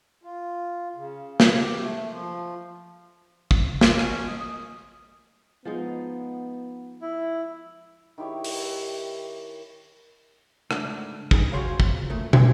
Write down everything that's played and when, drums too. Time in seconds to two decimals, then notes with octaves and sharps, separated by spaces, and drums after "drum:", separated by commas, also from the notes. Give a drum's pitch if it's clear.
0.23 F4
0.96 C#3
1.40 drum: snare
1.52 G4
1.79 A3
2.10 F3
3.51 drum: kick
3.81 C6, drum: snare
3.99 C#4, drum: rim click
4.26 D#5
4.38 D#6
5.65 F3 G#3 B3 D#4
7.02 E4
8.18 D#3 E4 G4 C#5
8.44 drum: open hi-hat
10.71 G#2 C#3 A3 D4, drum: rim click
11.31 D#4 G4 G#4 B4, drum: kick
11.52 F4 F#4 G#4 C5 C#5 F5
11.80 drum: kick
12.10 A#2 C#3 A3
12.33 G#5, drum: tom